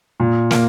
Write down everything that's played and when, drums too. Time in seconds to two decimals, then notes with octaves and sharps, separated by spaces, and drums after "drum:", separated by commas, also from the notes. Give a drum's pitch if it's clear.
0.20 A#2
0.51 A#3, drum: snare